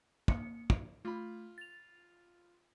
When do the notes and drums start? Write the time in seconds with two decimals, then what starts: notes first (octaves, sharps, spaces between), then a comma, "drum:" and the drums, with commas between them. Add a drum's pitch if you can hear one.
0.28 A#3 C#7, drum: kick
0.70 drum: kick
1.05 A3 F4 B5
1.58 A6 F7